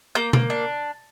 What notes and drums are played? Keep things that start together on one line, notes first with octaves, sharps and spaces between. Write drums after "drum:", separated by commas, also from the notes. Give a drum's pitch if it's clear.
A#3 G6
A#3, drum: tom B2
D4